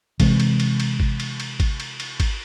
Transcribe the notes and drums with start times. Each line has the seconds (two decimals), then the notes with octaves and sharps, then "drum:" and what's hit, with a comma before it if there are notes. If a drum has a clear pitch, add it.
0.20 C3 E3 G#3, drum: kick G#1, cymbal
0.40 drum: cymbal
0.60 drum: cymbal
0.80 drum: cymbal
1.00 drum: kick G#1
1.20 drum: cymbal
1.40 drum: cymbal
1.60 drum: kick G#1, cymbal
1.80 drum: cymbal
2.00 drum: cymbal
2.20 drum: kick G#1, cymbal